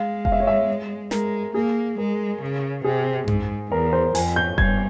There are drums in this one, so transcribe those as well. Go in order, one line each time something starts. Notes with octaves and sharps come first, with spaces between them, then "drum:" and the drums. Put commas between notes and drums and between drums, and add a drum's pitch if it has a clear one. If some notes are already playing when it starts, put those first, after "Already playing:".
Already playing: G#3 F5
F5, drum: kick F1
E5
C#5
E5
G#3 A#4, drum: snare
A#3 G#4
G#3 A#4
C#3
C3 G#4
G#2, drum: tom F#2
E2 A#4
C5
F2 G#5, drum: open hi-hat
G6
G2 G#6, drum: kick F1